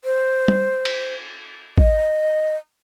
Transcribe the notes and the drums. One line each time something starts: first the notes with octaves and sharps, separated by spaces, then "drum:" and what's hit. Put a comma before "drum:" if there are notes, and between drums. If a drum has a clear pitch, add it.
C5
drum: tom
drum: cymbal
D#5, drum: kick